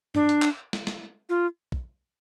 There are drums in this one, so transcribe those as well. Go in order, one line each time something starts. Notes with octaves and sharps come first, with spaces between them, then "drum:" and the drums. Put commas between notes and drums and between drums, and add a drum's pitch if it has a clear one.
D4, drum: tom G2
drum: hi-hat
drum: clap
drum: snare
drum: snare
F4
drum: kick